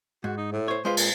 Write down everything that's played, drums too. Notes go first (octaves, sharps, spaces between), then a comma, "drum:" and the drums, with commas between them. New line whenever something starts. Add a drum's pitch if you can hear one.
G#2 F#4
D#4
A2
C5 C#5
G#3 F4 B4 C5
A#2, drum: cymbal